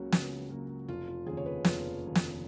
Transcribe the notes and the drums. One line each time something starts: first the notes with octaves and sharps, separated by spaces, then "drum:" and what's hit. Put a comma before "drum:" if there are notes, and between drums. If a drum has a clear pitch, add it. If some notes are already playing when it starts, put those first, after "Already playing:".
Already playing: C#2 C#3 F#3 A#3 F#4
C#2, drum: snare
C#3 F#3 A#3
F1 F4
F4
D#2 C#3 G#4
C#5
B4
F1 F4, drum: snare
D#2 C#3
drum: snare